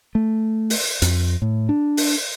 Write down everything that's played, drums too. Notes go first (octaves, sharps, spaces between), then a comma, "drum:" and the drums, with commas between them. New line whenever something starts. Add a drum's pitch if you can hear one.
A3
drum: open hi-hat
F2, drum: hi-hat
A2
D4
drum: open hi-hat